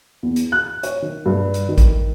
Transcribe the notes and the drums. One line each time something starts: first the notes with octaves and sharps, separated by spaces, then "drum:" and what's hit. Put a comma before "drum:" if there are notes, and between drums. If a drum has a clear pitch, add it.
E2
drum: hi-hat
F#6
C#5, drum: hi-hat
D#3
G2
drum: hi-hat
D#3
drum: kick A1, hi-hat